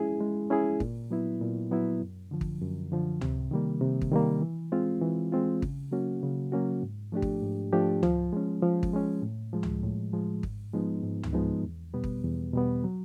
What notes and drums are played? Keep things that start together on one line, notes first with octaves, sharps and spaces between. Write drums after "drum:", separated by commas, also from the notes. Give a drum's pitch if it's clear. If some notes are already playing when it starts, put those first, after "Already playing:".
Already playing: G#3 C#4 E4 G#4
G#3
C#4 E4 G#4
A#2, drum: kick
F#3 B3 E4
A#2
F#3 B3 E4
F#2
D3 F3
drum: kick
F#2
D3 F3
C3, drum: tom C#2
D#3 G3 A#3
C3
drum: kick
D#3 G3 A#3
E3
G#3 C4 F4
E3
G#3 C4 F4
C#3, drum: kick
F#3 A#3 C#4 F#4
C#3
F#3 A#3 C#4 F#4
G#2
F3 A3 D4 G4
drum: kick
G#2
F3 A3 D4 G4
F3, drum: tom C#2
G#3 C#4
F3
drum: kick
G#3 C#4
A2
F3 G#3
drum: tom C#2
A2
F3 G#3
G#2, drum: kick
F3 G#3 B3 D#4
G#2
drum: tom C#2
F3 G#3 B3 D#4
E2
B2 G3 B3
drum: kick
E2
B2 G3 B3
F#3